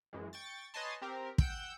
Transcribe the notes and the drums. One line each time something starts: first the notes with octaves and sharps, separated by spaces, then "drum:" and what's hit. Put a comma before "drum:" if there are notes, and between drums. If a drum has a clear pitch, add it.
F#2 E3 G#3
G5 C#6 A6
B4 C#5 D#5 G#5 A5 C6
C4 G4 A#4
F#5 G5 E6 G6, drum: kick